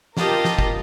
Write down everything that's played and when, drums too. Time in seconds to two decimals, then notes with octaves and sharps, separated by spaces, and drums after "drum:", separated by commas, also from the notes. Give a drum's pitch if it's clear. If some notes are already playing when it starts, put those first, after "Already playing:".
0.17 F4 G4 A#4 D#5 F5 A5, drum: snare
0.45 drum: snare
0.59 drum: kick